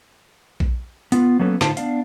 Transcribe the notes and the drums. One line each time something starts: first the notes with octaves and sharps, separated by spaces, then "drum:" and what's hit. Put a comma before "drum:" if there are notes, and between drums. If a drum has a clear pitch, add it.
drum: kick A#1
B3 F4 B4, drum: hi-hat
F#3 A#3 B3 C#4 A4 B4
A2 D3 D#4 F4 C5 A5, drum: snare
B3 D4 F5, drum: hi-hat